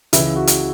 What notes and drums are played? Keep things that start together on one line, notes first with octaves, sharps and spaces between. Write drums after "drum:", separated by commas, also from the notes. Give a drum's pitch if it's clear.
C#2 C#3 E3 E4, drum: hi-hat
F#4
drum: hi-hat